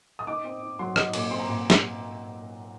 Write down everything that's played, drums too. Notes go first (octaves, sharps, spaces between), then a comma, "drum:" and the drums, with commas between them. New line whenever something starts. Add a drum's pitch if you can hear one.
D#6
D#4 D6
C4
D#4
F#3 C6
D#4 D#6, drum: rim click
A#2 D6, drum: cymbal
C4 C6
A#5
A#2 C6
drum: snare